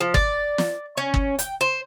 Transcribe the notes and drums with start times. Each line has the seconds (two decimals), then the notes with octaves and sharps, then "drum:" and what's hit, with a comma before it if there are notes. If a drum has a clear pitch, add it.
0.01 F3
0.14 D5, drum: kick G1
0.58 drum: snare
0.97 C#4
1.14 drum: kick G1
1.39 G5, drum: hi-hat
1.61 C5